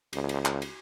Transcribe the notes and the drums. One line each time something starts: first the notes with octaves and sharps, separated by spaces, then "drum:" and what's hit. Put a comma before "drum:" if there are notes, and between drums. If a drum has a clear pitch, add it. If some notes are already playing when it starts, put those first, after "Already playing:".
C#2, drum: cymbal
drum: cymbal
drum: clap
drum: cymbal